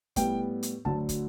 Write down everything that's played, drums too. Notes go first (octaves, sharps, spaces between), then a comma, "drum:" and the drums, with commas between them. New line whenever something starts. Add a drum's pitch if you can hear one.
A2 G3 B3 G5, drum: kick, hi-hat
drum: hi-hat
D2 D3 F#3 A5, drum: kick
drum: kick, hi-hat